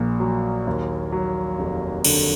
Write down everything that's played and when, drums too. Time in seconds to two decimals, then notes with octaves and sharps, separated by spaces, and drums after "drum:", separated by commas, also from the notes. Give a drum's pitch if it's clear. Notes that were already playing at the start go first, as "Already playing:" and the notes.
Already playing: A#1 A#2 A#3
0.20 F#3
0.67 D#2
1.12 F#3
1.59 F1
2.04 D3, drum: cymbal